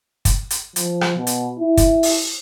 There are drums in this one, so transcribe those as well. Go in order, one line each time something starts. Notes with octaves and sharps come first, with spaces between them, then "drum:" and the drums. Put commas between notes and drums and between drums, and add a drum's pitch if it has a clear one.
drum: kick, hi-hat
drum: hi-hat
F3, drum: hi-hat
drum: rim click
B2
drum: hi-hat
E4
drum: kick, hi-hat
drum: open hi-hat